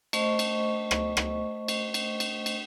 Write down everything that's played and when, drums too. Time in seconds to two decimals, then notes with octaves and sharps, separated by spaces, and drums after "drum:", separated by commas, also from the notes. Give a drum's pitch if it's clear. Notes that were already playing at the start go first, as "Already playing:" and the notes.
0.13 A3 C5 D#5 C#6, drum: cymbal
0.39 drum: cymbal
0.91 drum: rim click
1.17 drum: rim click
1.68 drum: cymbal
1.94 drum: cymbal
2.20 drum: cymbal
2.46 drum: cymbal